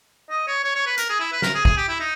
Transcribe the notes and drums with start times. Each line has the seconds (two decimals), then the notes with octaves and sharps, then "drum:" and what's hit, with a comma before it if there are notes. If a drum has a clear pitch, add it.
0.30 D#5
0.47 C#5
0.64 C#5
0.75 C#5
0.86 B4
0.98 A#4, drum: hi-hat
1.10 G#4
1.20 E4
1.32 B4
1.42 A#4, drum: snare
1.54 G#4
1.65 G#4, drum: kick
1.77 G4
1.88 E4
2.00 D#4